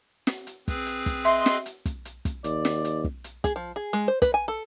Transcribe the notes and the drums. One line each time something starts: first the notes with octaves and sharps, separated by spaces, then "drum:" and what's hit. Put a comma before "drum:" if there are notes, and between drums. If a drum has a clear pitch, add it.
drum: snare
drum: hi-hat
C4 G#4 B4, drum: kick, hi-hat
drum: hi-hat
drum: kick, hi-hat
D#5 E5 C6, drum: hi-hat
drum: snare
drum: hi-hat
drum: kick, hi-hat
drum: hi-hat
drum: kick, hi-hat
D#2 D5, drum: hi-hat
drum: snare
drum: hi-hat
drum: kick
drum: hi-hat
G#4, drum: kick, hi-hat
F3
G#4
G#3
C5
B4, drum: kick, hi-hat
G#5
A4